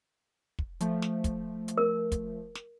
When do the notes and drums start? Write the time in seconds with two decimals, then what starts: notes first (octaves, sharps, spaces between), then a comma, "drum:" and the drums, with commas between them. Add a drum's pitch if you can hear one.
0.59 drum: kick
0.80 F3 A3, drum: hi-hat
1.02 drum: snare
1.24 drum: kick, hi-hat
1.68 drum: hi-hat
1.77 A#4
2.12 drum: kick, hi-hat
2.55 drum: snare